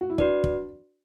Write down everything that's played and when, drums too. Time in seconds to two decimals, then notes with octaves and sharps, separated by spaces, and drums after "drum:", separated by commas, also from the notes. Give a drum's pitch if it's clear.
0.01 F#4
0.10 E4
0.18 D4 F#4 B4 D5, drum: kick
0.44 drum: kick